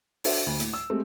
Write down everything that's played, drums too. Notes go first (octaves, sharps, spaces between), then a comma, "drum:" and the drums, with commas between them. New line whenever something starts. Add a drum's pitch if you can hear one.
D4 F#4 A4 C5 E5, drum: open hi-hat
D2
A2, drum: hi-hat
E6
G#3 A3 C4 G4